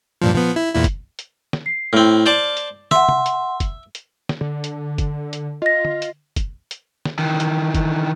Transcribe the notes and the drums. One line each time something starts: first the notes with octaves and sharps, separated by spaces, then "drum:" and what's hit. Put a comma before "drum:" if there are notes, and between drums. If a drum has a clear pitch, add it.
G2 A#2 F3
F3 B3, drum: tom A#2
E4
E2 A#2 E4
drum: kick, hi-hat
drum: hi-hat
drum: snare
C7
A2 C4 F6
C5 D5 A5
drum: hi-hat
E5 F#5 C6, drum: snare
drum: tom C3
drum: hi-hat
drum: kick, hi-hat
drum: hi-hat
drum: snare
D3
drum: hi-hat
drum: kick, hi-hat
drum: hi-hat
F4 D#5 A#6
drum: tom
drum: hi-hat
drum: kick, hi-hat
drum: hi-hat
drum: snare
D#3 E3
drum: hi-hat
drum: kick, hi-hat